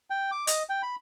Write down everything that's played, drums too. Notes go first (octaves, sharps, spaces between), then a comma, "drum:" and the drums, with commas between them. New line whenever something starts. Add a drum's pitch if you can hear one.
G5
D6
D#5, drum: hi-hat
G5
B5